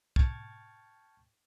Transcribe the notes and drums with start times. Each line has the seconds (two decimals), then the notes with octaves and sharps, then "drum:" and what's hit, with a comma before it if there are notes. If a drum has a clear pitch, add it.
0.16 G5 A5 C#6 F6 G#6 A6, drum: kick